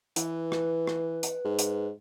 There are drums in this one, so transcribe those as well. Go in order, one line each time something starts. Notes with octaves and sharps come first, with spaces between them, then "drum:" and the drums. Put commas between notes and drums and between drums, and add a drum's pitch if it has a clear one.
E3 B4, drum: hi-hat
drum: rim click
drum: rim click
drum: hi-hat
G#2
drum: hi-hat